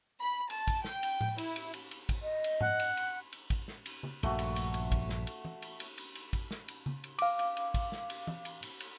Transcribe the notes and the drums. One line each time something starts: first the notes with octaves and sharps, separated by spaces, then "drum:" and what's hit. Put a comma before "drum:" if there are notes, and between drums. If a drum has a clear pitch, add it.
B5
A5, drum: cymbal
drum: kick, cymbal
G5, drum: snare
drum: cymbal
drum: tom A2
E4, drum: cymbal
drum: cymbal
drum: cymbal
drum: cymbal
drum: kick, cymbal
D#5
drum: cymbal
F#5, drum: tom G#2
drum: cymbal
drum: cymbal
drum: cymbal
drum: kick, cymbal
drum: snare
drum: cymbal
drum: tom C#3
A#1 G2 A3 F#4, drum: cymbal
drum: cymbal
drum: cymbal
drum: cymbal
drum: kick, cymbal
drum: snare
drum: cymbal
drum: tom E3
drum: cymbal
drum: cymbal
drum: cymbal
drum: cymbal
drum: kick, cymbal
drum: snare
drum: cymbal
drum: tom C#3
drum: cymbal
F5 D6, drum: cymbal
drum: cymbal
drum: cymbal
drum: kick, cymbal
drum: snare
drum: cymbal
drum: tom E3
drum: cymbal
drum: cymbal
drum: cymbal